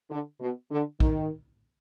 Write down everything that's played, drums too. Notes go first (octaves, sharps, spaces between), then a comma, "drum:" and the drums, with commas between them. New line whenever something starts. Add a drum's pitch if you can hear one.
D3
B2
D3
D#3, drum: kick A#1